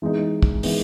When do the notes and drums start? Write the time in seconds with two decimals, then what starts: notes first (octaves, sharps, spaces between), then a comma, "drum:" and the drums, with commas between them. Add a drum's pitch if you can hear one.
0.02 E3 G#3 B3 D#4
0.43 drum: kick
0.63 E3 G#3 B3 D#4, drum: open hi-hat